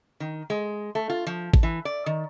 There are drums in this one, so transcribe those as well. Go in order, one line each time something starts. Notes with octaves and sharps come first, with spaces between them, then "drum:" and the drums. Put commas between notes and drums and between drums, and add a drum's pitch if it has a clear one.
D#3
G#3
A3
F4
F3
drum: kick G#1
E3
D5
D#3